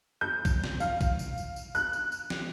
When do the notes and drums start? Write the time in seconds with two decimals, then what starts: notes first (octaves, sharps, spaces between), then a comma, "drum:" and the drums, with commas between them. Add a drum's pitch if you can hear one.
0.21 G6
0.45 drum: kick A#1, tambourine
0.64 drum: snare
0.80 F5, drum: tambourine
1.01 drum: kick A#1, tambourine
1.19 drum: tambourine
1.38 drum: tambourine
1.56 drum: tambourine
1.75 F#6, drum: tambourine
1.93 drum: tambourine
2.12 drum: tambourine
2.30 drum: snare